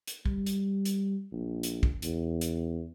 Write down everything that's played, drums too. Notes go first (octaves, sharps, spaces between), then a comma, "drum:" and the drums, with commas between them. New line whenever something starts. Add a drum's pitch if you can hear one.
drum: hi-hat
G3, drum: kick
drum: hi-hat
drum: hi-hat
A#1
drum: hi-hat
drum: kick
E2, drum: hi-hat
drum: hi-hat